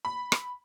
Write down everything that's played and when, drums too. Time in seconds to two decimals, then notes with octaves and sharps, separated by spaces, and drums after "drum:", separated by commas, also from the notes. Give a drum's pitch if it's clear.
0.05 B5
0.32 drum: rim click